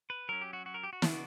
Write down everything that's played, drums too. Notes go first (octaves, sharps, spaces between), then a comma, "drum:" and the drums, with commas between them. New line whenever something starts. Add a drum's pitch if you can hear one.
B4
F#3 C#4 A#4
G4
F#4
F#4
A#4
G4
F#4
C#3 E3 B3 D4, drum: snare